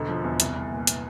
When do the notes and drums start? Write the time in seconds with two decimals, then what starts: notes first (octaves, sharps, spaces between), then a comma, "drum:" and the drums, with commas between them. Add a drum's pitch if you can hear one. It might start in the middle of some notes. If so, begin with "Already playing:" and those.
Already playing: E1 D3
0.08 F3
0.24 E2
0.40 C2, drum: hi-hat
0.56 C2
0.72 A#2
0.87 drum: hi-hat